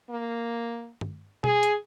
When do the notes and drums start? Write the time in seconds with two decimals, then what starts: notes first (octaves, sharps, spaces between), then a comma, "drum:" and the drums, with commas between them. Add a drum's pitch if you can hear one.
0.10 A#3
1.01 drum: tom
1.44 G#4, drum: tom B2
1.63 drum: hi-hat